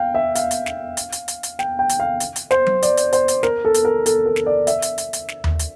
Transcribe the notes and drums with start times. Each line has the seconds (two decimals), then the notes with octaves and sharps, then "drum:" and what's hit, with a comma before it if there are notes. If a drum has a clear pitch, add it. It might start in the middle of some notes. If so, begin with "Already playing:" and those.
Already playing: F5 G5
0.15 E5
0.35 F5, drum: hi-hat
0.51 drum: hi-hat
0.66 drum: snare
0.97 drum: hi-hat
1.12 drum: hi-hat
1.28 drum: hi-hat
1.43 drum: hi-hat
1.59 G5, drum: snare
1.79 G5
1.89 drum: hi-hat
2.00 F5
2.20 drum: hi-hat
2.36 drum: hi-hat
2.51 C5, drum: snare
2.66 drum: tom F#3
2.82 D5, drum: hi-hat
2.97 drum: hi-hat
3.13 C5, drum: hi-hat
3.28 drum: hi-hat
3.43 A#4, drum: snare
3.65 A4
3.74 drum: hi-hat
3.85 A#4
4.06 A4, drum: hi-hat
4.26 A#4
4.36 drum: snare
4.46 D5
4.67 E5, drum: hi-hat
4.82 drum: hi-hat
4.98 drum: hi-hat
5.13 drum: hi-hat
5.28 drum: snare
5.44 drum: tom D#2
5.59 drum: hi-hat